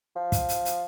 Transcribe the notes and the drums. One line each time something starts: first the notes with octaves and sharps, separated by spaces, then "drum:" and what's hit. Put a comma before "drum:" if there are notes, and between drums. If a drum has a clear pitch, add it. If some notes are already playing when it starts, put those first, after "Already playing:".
F3
drum: kick, hi-hat
drum: hi-hat
drum: hi-hat